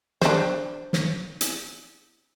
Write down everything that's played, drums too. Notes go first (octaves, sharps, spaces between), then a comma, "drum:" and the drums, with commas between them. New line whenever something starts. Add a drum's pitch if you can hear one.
D4 C5, drum: snare
drum: snare
drum: hi-hat